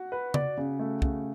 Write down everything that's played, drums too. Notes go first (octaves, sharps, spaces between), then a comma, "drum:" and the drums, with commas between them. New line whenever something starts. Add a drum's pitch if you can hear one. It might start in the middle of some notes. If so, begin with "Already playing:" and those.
Already playing: F#4
B4
D5, drum: tom C#3
C#3
A3
C#3, drum: kick